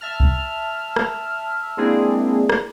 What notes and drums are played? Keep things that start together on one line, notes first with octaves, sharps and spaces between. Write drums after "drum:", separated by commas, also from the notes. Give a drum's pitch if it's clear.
E5 A5 F6
drum: kick C2
drum: rim click
G#3 A#3 C4 D4 E4 G#4
drum: rim click